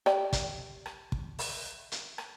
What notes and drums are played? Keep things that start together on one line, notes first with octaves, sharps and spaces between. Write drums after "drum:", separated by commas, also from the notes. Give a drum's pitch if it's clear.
G4 D5, drum: rim click
drum: kick, hi-hat
drum: rim click
drum: kick
drum: open hi-hat
drum: hi-hat
drum: rim click